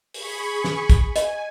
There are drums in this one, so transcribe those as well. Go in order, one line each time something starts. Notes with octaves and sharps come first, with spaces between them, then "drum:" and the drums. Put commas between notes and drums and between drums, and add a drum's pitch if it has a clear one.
G#4 B5 C#6, drum: open hi-hat
drum: snare
drum: kick, hi-hat
D#5 G#5, drum: hi-hat